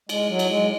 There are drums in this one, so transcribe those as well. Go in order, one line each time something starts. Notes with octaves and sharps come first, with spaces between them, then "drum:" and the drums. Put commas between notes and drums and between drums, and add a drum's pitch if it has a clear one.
G#3, drum: cymbal
F#3
drum: cymbal
G#3